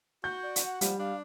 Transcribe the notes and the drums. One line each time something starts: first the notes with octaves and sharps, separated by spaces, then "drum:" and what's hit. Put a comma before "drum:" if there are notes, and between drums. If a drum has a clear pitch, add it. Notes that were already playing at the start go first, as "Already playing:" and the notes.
F#4 G6
D5
drum: hi-hat
F#5
F3 G3, drum: hi-hat
D4 F5